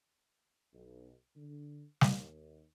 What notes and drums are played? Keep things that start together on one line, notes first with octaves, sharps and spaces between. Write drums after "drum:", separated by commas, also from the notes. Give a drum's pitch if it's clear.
B1
D3
D#2, drum: snare